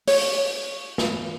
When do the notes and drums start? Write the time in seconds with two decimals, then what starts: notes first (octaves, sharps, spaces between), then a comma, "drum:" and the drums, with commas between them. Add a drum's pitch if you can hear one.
0.08 C#5, drum: open hi-hat
0.98 drum: snare